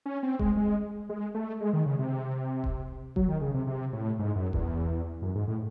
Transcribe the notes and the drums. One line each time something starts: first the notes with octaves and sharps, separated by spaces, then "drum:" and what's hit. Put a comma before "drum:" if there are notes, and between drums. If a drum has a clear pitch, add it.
C#4
C4
G#3, drum: kick D#1
G#3
G#3
A3
G#3
D#3
C#3
C3
drum: kick D#1
F#3, drum: kick D#1
D#3
C#3
C3
C3
A2
G#2
F#2
E2, drum: kick D#1
F#2
G#2
A2